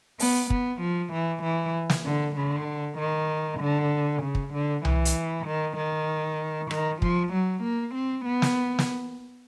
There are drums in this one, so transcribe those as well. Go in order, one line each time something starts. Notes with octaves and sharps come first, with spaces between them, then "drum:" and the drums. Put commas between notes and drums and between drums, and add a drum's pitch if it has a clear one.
B3, drum: open hi-hat
B3, drum: kick
F3
E3
E3
drum: snare
D3
D3
D#3
D3
C#3
drum: kick
D3
E3, drum: tom C2
drum: hi-hat
D#3
D#3
D#3, drum: rim click
F3, drum: kick
F#3
A#3
C4
B3
drum: snare
drum: snare